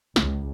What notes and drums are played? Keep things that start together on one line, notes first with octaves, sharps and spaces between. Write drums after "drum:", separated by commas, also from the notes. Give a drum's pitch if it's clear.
C#2, drum: snare